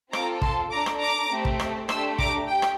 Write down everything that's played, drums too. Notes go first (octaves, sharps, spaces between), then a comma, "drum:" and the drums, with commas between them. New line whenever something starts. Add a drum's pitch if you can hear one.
C4 F4 A4 A#5 D6, drum: rim click
A5 C6, drum: kick
D4 A4 A#5 D6
drum: rim click
A#5 D6
A3 C4 G4
drum: kick
drum: rim click
A3 D4 G4 C6 E6, drum: rim click
A#5 D6, drum: kick
G4 G5
drum: rim click